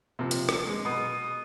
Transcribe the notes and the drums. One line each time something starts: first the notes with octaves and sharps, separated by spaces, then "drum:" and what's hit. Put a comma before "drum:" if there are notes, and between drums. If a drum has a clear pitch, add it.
C3 F3
drum: hi-hat
drum: rim click
G#3
B2 D#6